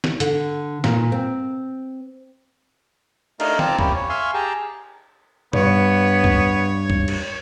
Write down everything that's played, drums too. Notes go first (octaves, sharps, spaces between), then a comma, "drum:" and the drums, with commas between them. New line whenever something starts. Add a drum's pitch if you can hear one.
drum: snare
D3, drum: hi-hat
A#2, drum: snare
C4
A3 D4 D#4 A#4 D#5 F5, drum: cymbal
C4 F4 D5 A5 A#5, drum: tom
A#3 C#4 E4 G4, drum: kick
C#5
E5 F5 G#5 C6 C#6
G4 G#4 G5 A5 A#5
G2 G3 B3 C#5, drum: tom
drum: kick
drum: kick
drum: cymbal